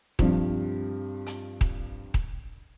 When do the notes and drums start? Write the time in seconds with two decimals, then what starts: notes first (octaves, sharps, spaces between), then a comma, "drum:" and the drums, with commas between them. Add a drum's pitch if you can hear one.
0.19 G2 C3 F3, drum: kick D#1
1.26 drum: hi-hat
1.61 drum: kick D#1
2.14 drum: kick D#1